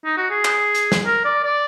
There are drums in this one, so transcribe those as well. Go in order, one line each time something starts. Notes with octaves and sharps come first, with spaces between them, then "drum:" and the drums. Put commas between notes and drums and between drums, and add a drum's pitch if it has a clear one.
D#4
F#4
G#4
drum: clap
drum: hi-hat
drum: snare
A#4
D5
D5